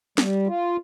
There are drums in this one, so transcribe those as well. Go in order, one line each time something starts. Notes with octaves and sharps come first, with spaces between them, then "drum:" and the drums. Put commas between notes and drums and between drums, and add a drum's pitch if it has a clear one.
G3, drum: snare
F4